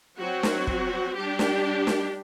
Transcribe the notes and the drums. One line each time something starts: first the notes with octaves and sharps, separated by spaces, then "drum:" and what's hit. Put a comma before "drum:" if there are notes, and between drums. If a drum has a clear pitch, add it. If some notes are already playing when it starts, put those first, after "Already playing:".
F#3 C4 F#4
drum: snare
drum: kick
G3 D4 G4
drum: snare
drum: snare